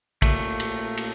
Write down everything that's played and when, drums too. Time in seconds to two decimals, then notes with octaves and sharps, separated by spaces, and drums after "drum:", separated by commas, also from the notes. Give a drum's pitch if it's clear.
0.22 A#2 A3, drum: kick, cymbal
0.60 drum: cymbal
0.97 drum: cymbal